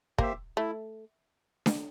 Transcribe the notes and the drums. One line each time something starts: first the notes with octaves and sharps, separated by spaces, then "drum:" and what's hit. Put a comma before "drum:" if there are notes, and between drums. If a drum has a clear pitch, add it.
A#3 G4 C5 E5, drum: kick
A3 E4
drum: snare D4